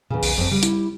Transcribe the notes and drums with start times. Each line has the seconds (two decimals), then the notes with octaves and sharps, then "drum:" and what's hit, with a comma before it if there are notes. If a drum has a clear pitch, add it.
0.10 E2 A#2 C#3
0.23 B1, drum: open hi-hat
0.37 F#1 F2 C4
0.51 C#3 G3
0.63 E4, drum: hi-hat